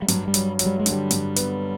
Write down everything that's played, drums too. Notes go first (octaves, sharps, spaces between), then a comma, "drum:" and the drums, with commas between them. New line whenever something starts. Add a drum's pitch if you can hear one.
G3
G2 F#3, drum: hi-hat
G3
F#3, drum: hi-hat
F#3, drum: hi-hat
G3
G#3
D3, drum: hi-hat
G3
G2, drum: hi-hat
B3, drum: hi-hat